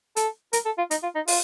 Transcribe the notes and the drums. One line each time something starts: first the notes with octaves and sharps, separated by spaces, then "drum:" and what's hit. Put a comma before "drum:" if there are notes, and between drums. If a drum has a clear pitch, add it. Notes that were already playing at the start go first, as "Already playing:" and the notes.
A4, drum: hi-hat
A#4, drum: hi-hat
A4
F4
D#4, drum: hi-hat
F4
D#4
F4, drum: open hi-hat